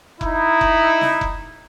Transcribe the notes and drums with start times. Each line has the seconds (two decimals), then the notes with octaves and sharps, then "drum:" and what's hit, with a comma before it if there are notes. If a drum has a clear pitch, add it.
0.21 D#4 E4, drum: kick F1
0.61 drum: kick F1
1.01 drum: snare
1.21 drum: kick F1